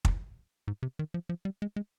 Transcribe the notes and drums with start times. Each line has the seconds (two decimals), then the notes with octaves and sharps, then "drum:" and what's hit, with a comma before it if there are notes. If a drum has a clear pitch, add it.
0.05 drum: kick
0.68 G#2
0.83 C3
0.99 D#3
1.14 F3
1.29 F3
1.45 G3
1.62 G#3
1.76 G#3